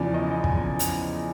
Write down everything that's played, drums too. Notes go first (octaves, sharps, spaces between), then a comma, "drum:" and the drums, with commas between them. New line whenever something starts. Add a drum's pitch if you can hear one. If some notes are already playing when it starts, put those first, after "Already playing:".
Already playing: E2 C#3 F3 D5
D#5
G#5, drum: kick
drum: hi-hat